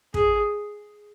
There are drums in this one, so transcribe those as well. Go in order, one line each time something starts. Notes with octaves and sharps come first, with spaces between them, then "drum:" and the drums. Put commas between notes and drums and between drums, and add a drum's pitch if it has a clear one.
G#4, drum: kick